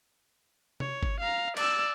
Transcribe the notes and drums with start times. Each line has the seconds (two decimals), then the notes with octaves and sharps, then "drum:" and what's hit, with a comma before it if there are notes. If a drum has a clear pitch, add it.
0.80 C#5, drum: tom C3
1.03 drum: kick G1
1.20 F5 A#5
1.57 D5 E6, drum: cymbal